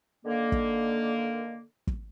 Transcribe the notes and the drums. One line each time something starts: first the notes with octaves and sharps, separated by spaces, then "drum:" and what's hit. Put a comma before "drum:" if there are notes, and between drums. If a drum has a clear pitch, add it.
D3 D#3 A#3
drum: kick
drum: kick